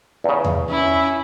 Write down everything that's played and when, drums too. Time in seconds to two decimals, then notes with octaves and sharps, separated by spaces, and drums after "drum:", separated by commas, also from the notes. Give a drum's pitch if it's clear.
0.24 E2 C#3
0.44 drum: tom E2
0.70 C#4 E4 B5